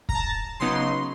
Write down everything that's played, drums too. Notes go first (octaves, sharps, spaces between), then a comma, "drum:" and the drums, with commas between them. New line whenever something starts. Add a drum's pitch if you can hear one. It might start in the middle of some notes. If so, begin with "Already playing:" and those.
A#5, drum: kick
A5
C#3 F#3 B3 D#4 C6